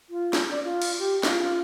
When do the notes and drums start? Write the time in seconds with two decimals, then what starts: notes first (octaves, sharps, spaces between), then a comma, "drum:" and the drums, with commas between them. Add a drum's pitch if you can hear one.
0.10 F4
0.33 drum: snare
0.51 D5
0.64 F4
0.82 drum: cymbal
0.99 G4
1.23 F4, drum: snare